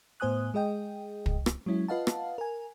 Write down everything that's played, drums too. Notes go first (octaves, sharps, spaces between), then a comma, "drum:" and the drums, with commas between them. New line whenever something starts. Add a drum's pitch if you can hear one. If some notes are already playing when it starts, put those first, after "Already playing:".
A2 B3 C5 G#5 D#6 F#6
G#3 G#4 D#5 G5
drum: kick
drum: rim click
F#3 G#3 C#4 E4
F4 B4 D#5 F5 F#5 A5
drum: rim click
A#4 G#5